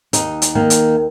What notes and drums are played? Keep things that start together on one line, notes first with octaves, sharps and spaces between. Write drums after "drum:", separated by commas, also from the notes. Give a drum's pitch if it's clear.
D#2 D#4, drum: hi-hat
drum: hi-hat
D#3 A#3
drum: hi-hat